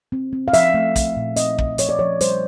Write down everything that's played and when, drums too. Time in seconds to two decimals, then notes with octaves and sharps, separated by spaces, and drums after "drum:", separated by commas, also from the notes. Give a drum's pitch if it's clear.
0.12 C4
0.33 C4
0.48 F5
0.53 F3 E5, drum: hi-hat
0.74 A3
0.96 F3, drum: kick, hi-hat
1.17 A#2
1.36 C4 D#5, drum: hi-hat
1.58 A#2, drum: kick
1.78 F3 C#5, drum: hi-hat
1.89 D5
1.99 F3 C#5
2.21 G3 C5, drum: hi-hat